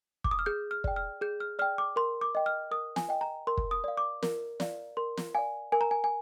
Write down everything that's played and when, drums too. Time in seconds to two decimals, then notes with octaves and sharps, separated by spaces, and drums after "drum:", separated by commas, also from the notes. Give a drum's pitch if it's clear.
0.24 D6, drum: kick
0.31 D#6
0.39 F6
0.46 G#4 G6
0.71 F6
0.84 D5 G5, drum: kick
0.96 F6
1.21 G#4 G6
1.40 F6
1.59 D5 G5 F6
1.78 D6
1.96 A#4 C6
2.21 D6
2.35 D#5 G5
2.46 F6
2.71 A#4 D#6
2.96 G#5, drum: snare
3.09 D#5 G5
3.21 A#5
3.47 A#4 C6
3.57 drum: kick
3.71 D#6
3.84 D5 F5
3.97 D6
4.23 A#4, drum: snare
4.60 D5 F5, drum: snare
4.97 A#4 C6
5.17 drum: snare
5.35 D5 F5 G#5
5.72 A#4 G#5
5.81 A#5
5.91 G#5
6.04 G#5